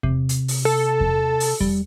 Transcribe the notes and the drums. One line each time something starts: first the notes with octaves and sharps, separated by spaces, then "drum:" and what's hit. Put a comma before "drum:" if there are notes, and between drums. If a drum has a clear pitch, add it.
C3, drum: kick E2
drum: hi-hat
drum: open hi-hat
A4
drum: kick E2
drum: open hi-hat
G3, drum: kick E2